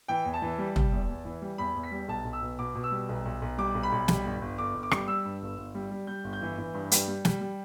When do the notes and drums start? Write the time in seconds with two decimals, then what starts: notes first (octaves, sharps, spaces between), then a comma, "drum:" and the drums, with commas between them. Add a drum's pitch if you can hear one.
0.08 E3 G5
0.25 E2
0.34 A5
0.42 E3
0.58 G3
0.76 G3, drum: tom
0.92 E2
1.09 E2
1.25 E3
1.42 G3
1.58 E2 B5
1.75 E2
1.83 B6
1.91 G3
2.08 B1 A5
2.25 B1
2.33 E6
2.42 B2
2.59 B2 D6
2.75 B2
2.84 E6
2.92 G3
3.09 B1
3.25 B1
3.42 B1
3.58 G3 D6
3.75 B1
3.83 B5
3.92 B1
4.08 G3, drum: snare
4.25 G1
4.41 G1
4.58 G1 D6
4.75 G1
4.83 D6
4.91 G3, drum: rim click
5.08 G3 E6
5.25 G2
5.42 G1
5.58 G1
5.75 G3
5.91 G3
6.07 G3 G6
6.24 G1
6.33 G6
6.42 E3
6.59 E3
6.74 G2
6.91 G3, drum: hi-hat
7.08 G3
7.25 G3, drum: snare
7.41 G3